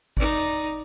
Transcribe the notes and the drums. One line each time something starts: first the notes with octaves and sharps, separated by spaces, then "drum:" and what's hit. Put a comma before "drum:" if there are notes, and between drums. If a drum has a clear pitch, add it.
D#4 D5, drum: kick G#1